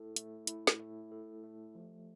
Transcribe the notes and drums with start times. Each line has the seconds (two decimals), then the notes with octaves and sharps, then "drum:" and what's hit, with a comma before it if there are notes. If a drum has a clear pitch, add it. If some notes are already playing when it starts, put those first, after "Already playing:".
Already playing: A3 E4 A4
0.16 A3, drum: hi-hat
0.47 E4, drum: hi-hat
0.67 drum: snare
0.80 A3
1.12 A4
1.44 A3
1.75 F3